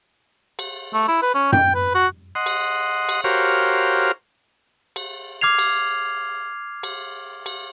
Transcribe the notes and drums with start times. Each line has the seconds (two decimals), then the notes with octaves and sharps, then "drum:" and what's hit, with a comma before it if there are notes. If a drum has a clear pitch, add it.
0.59 drum: cymbal
0.94 A3
1.08 E4
1.22 B4
1.34 C#4
1.52 G5, drum: tom F#2
1.75 B4
1.95 F#4
2.35 D#5 F#5 C6
2.46 drum: cymbal
3.09 drum: cymbal
3.24 F#4 G4 A#4 C5 C#5 F5
4.96 drum: cymbal
5.41 D6 F6 G#6 C7 F7
5.58 drum: cymbal
6.83 drum: cymbal
7.46 drum: cymbal